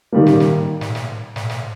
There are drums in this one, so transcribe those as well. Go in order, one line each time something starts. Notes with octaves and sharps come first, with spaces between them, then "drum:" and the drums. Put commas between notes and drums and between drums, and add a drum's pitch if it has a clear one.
D#3 G3 A#3
drum: snare
drum: snare
drum: snare
drum: snare
drum: snare
drum: snare